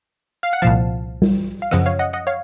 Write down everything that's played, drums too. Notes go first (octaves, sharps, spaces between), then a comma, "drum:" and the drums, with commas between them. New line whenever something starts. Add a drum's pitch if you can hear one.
F5
F#5
C2 A#2 F3 F5 A5
drum: tom G3
F5
F#2 C#3 F3 D#5 F#5, drum: rim click
C#5 F5
D#5 F#5
D#5 F#5
C#5 F5